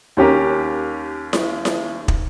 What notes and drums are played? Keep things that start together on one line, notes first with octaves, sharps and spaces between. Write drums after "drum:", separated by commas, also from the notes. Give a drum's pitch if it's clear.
D#2 C#4 G4 A#4
drum: snare E4
drum: snare E4
drum: kick